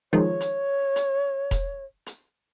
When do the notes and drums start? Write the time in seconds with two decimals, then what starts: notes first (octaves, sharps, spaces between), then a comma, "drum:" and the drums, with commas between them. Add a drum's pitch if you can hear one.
0.13 D#3 F3 G#3 C#5
0.40 drum: hi-hat
0.96 drum: hi-hat
1.51 drum: kick E1, hi-hat
2.06 drum: hi-hat